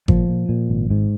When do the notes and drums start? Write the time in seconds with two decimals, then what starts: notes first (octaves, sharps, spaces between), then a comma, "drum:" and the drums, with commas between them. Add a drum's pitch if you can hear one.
0.08 A#2 F3, drum: kick G#1
0.29 A#2
0.49 A#2
0.69 G#1
0.91 G#2